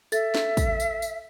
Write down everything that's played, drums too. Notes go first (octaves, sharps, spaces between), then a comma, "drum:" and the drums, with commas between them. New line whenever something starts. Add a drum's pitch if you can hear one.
A4 E5 A6, drum: tambourine
drum: snare
drum: kick, tambourine
drum: tambourine
drum: tambourine